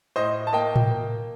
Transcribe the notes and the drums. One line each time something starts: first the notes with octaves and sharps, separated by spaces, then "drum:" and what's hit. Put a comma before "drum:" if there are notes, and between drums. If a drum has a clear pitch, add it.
A2 C5 D#5
A5
A#3 D#5 G5
drum: tom A2
A#3